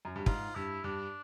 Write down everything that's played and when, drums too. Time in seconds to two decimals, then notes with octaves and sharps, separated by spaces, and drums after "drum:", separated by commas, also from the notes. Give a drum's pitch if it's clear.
0.05 F#2
0.16 G2
0.26 G#2 F4, drum: kick
0.55 G2 E4
0.84 G2 D4